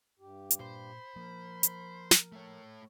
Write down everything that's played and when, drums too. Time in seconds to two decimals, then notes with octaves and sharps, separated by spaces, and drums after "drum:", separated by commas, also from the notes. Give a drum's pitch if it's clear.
0.20 G2 G4
0.51 drum: hi-hat
0.60 A#2 C5 B5
1.16 F3 A#3 A#4
1.63 drum: hi-hat
2.11 drum: snare
2.32 A3 C#5